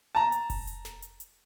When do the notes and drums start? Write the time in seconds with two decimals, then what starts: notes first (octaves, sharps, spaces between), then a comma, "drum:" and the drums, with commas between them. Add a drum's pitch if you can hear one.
0.15 A5 A#5
0.32 drum: hi-hat
0.50 drum: kick F1, open hi-hat
0.67 drum: hi-hat
0.85 drum: snare
1.02 drum: hi-hat
1.20 drum: hi-hat